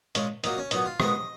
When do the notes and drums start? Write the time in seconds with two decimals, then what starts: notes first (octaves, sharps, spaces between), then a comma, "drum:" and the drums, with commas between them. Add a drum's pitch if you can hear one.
0.15 A#2 G#3 C#4, drum: hi-hat
0.44 A#2 F#3 A#3 D#4, drum: hi-hat
0.58 C#4
0.71 A#2 F#3 B3 D#4, drum: hi-hat
0.86 F4
1.00 A#2 G#3 B3 D#5, drum: rim click